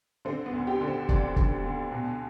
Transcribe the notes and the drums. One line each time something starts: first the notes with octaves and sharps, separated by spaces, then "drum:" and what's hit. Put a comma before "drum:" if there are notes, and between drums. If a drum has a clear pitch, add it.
D3 C4
B3
D2
G4
D3
C5
D2 D5, drum: kick
D3, drum: kick
D2
B2